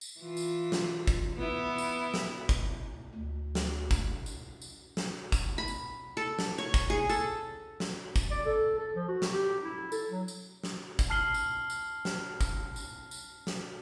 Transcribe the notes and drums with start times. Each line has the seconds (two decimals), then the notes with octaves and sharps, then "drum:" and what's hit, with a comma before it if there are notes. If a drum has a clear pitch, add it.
0.01 drum: tambourine
0.21 E3 F4
0.37 drum: tambourine
0.72 drum: snare
1.07 drum: kick, tambourine
1.38 B3 E4
1.78 drum: tambourine
2.14 drum: snare
2.49 drum: kick, tambourine
3.15 D2
3.55 drum: snare
3.91 drum: kick, tambourine
4.26 drum: tambourine
4.62 drum: tambourine
4.97 drum: snare
5.32 drum: kick, tambourine
5.58 B5
5.68 drum: tambourine
6.17 A4
6.39 drum: snare
6.58 C#5
6.74 drum: kick, tambourine
6.90 G#4
7.09 A4, drum: tambourine
7.80 drum: snare
8.16 drum: kick, tambourine
8.31 D5
8.45 A4
8.78 A4
8.95 F3
9.08 F#4
9.22 drum: snare
9.31 G4
9.62 E4
9.92 A4, drum: tambourine
10.11 F#3
10.28 drum: tambourine
10.64 drum: snare
10.99 drum: kick, tambourine
11.10 A5 F6 C7 F#7 G7
11.34 drum: tambourine
11.70 drum: tambourine
12.05 drum: snare
12.41 drum: kick, tambourine
12.76 drum: tambourine
13.11 drum: tambourine
13.47 drum: snare